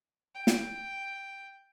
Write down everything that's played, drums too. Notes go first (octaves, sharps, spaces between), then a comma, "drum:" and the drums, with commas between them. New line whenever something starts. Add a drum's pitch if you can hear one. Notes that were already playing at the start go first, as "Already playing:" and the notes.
G5
drum: snare